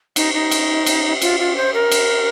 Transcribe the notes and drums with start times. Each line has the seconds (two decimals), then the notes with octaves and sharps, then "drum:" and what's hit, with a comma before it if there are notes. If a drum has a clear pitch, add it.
0.16 D#4, drum: cymbal
0.34 D#4
0.51 drum: cymbal
0.86 drum: cymbal
1.22 F4, drum: cymbal
1.39 F4
1.56 C5
1.74 A#4
1.91 drum: cymbal